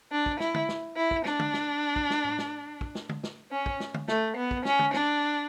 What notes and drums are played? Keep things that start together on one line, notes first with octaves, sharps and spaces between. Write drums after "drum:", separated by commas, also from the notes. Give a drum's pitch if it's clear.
D4
drum: kick
E4, drum: snare
drum: tom
drum: snare
E4
drum: kick
D4, drum: snare
drum: tom
drum: snare
drum: kick
drum: snare
drum: tom A2
drum: snare
drum: kick
drum: snare
drum: tom
drum: snare
C#4
drum: kick
drum: snare
drum: tom
A3, drum: snare
B3
drum: kick
C#4, drum: snare
drum: tom
D4, drum: snare